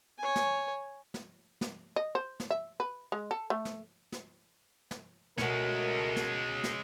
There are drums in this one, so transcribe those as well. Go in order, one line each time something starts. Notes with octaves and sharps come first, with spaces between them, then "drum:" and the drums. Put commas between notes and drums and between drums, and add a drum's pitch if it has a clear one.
C#5 G#5
drum: snare
drum: snare
drum: snare
D#5
C5
drum: snare
E5
B4
G#3
A4
A3
drum: snare
drum: snare
drum: snare
B2 G#3 A3 C#4 F#4 A#4, drum: snare
drum: snare
drum: snare